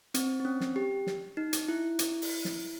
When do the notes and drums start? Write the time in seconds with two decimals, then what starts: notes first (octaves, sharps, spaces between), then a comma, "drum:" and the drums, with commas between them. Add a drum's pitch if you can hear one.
0.14 C4, drum: hi-hat
0.40 C4
0.45 C#4
0.61 drum: snare
0.76 G4
1.07 drum: snare
1.37 D#4
1.53 drum: hi-hat
1.68 E4
1.99 drum: hi-hat
2.22 drum: open hi-hat
2.45 drum: snare